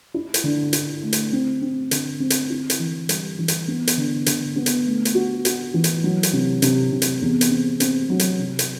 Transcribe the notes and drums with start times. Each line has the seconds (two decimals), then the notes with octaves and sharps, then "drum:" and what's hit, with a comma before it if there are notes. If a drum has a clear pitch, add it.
0.14 E4
0.34 drum: hi-hat
0.44 D3
0.73 E4, drum: hi-hat
1.03 A3
1.13 drum: hi-hat
1.32 C4
1.62 C4
1.91 D3, drum: hi-hat
2.20 C4
2.30 drum: hi-hat
2.50 E4
2.70 drum: hi-hat
2.79 E3
3.09 G3, drum: hi-hat
3.39 E3
3.48 drum: hi-hat
3.68 B3
3.87 drum: hi-hat
3.97 D3
4.26 D3, drum: hi-hat
4.56 B3
4.66 drum: hi-hat
4.86 A3
5.05 drum: hi-hat
5.15 F#4
5.45 F#4, drum: hi-hat
5.74 E3
5.84 drum: hi-hat
6.04 F#3
6.23 drum: hi-hat
6.33 C3
6.62 C3, drum: hi-hat
6.92 C3
7.02 drum: hi-hat
7.22 E2
7.41 drum: hi-hat
7.50 C4
7.80 C4, drum: hi-hat
8.10 F#3
8.19 drum: hi-hat
8.39 C3
8.59 drum: hi-hat